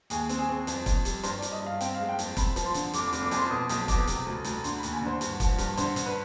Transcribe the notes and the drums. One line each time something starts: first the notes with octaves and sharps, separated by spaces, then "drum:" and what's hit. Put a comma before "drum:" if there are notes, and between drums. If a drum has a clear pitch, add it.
D#2 G#4, drum: hi-hat
C4, drum: hi-hat
G#4
C4
F2, drum: hi-hat
F2, drum: kick, hi-hat
G3, drum: hi-hat
G2 C5, drum: hi-hat
D5
G2, drum: hi-hat
D#5
G2 F5
C4 G5, drum: hi-hat
F5
G#3
G5
F2, drum: hi-hat
C4 B5, drum: kick, hi-hat
F3, drum: hi-hat
C6
D3, drum: hi-hat
F1 D6, drum: hi-hat
D6
F1, drum: hi-hat
D6
F2, drum: hi-hat
C6
B2 D#6
B1 D#6, drum: hi-hat
B2 D6, drum: kick, hi-hat
C3, drum: hi-hat
D2
D2, drum: hi-hat
D3 C6, drum: hi-hat
B5
D#2, drum: hi-hat
G#5
D3
C5
G2, drum: hi-hat
F3, drum: kick, hi-hat
G2, drum: hi-hat
D3 C5, drum: hi-hat
D3, drum: hi-hat
B4